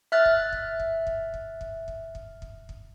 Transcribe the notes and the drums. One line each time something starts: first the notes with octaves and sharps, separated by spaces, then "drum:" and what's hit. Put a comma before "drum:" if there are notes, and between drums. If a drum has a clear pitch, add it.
E5 F6 F#6 A6
drum: kick
drum: kick
drum: kick
drum: kick
drum: kick
drum: kick
drum: kick
drum: kick
drum: kick
drum: kick